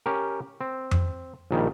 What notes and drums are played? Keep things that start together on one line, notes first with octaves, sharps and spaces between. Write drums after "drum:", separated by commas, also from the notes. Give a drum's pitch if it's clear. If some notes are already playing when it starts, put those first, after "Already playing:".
C#4 G4 A#4
C4
drum: tom F2
A#1 D#3 G3